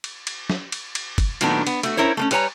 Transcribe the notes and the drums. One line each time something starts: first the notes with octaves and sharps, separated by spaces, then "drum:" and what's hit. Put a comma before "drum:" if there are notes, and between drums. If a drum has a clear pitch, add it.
drum: cymbal
drum: cymbal
drum: snare
drum: cymbal
drum: cymbal
drum: kick, cymbal
A#2 D#3 F#3 A3 B3 D4, drum: cymbal
B3, drum: cymbal
A3 F#4, drum: cymbal
C#4 E4 A#4 C5 C#5
A3 A#3 C#4
G3 B4 C#5 G#5 A#5, drum: cymbal